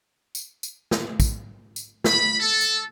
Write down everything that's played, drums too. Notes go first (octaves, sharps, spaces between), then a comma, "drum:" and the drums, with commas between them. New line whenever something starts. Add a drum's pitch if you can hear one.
drum: tambourine
drum: tambourine
drum: snare
drum: kick, tambourine
drum: tambourine
B5, drum: snare
A4
drum: tambourine